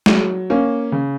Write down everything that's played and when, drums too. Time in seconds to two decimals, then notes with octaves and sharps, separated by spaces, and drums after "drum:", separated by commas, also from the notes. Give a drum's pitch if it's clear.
0.06 F#3, drum: snare
0.50 A#3 C#4
0.92 C#3